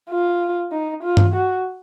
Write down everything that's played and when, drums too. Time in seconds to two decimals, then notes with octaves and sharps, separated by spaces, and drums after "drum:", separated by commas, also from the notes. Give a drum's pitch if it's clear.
0.10 F4
0.72 D#4
1.03 F4
1.17 drum: tom G2
1.34 F#4